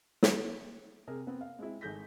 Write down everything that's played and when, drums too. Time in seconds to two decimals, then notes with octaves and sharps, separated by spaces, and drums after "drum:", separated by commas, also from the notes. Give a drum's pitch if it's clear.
0.23 drum: snare
1.07 C3 G#4 A#4
1.27 B3 C4
1.41 F5
1.59 G#3 C4 E4
1.81 G#1 G#4 A4 G6 A#6 B6